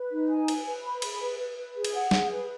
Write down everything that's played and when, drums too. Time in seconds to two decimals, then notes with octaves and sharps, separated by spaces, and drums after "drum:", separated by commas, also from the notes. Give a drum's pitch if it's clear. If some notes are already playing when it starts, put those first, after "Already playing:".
Already playing: B4
0.11 D#4
0.29 G#5
0.48 B4, drum: cymbal
0.65 B4
0.84 B5
1.02 G#4, drum: cymbal
1.21 B4
1.39 B4
1.57 B4
1.75 G#4
1.85 drum: cymbal
1.94 F#5
2.11 G#4, drum: snare
2.30 B4